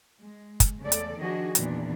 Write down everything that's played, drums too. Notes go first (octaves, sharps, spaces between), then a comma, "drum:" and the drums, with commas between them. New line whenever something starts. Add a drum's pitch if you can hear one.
G#3
drum: kick, hi-hat
E2 C#3 A3 A4 D5
drum: hi-hat
D#3 F3 D4 F#4 G#4 D#5
E2 A#2 D#3 E3 B3 D4, drum: hi-hat